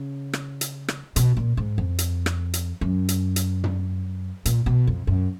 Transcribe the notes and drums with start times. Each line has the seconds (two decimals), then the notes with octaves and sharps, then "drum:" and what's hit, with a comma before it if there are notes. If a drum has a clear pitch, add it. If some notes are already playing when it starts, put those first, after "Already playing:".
Already playing: C#3
0.33 drum: rim click
0.61 drum: hi-hat
0.88 drum: rim click
1.16 B2, drum: hi-hat
1.37 A#2
1.57 G#2
1.78 F2
1.99 drum: hi-hat
2.26 drum: rim click
2.54 drum: hi-hat
2.81 F#2
3.09 drum: hi-hat
3.36 drum: hi-hat
3.64 drum: tom
4.45 A#2, drum: hi-hat
4.66 B2
4.87 F2
5.07 F#2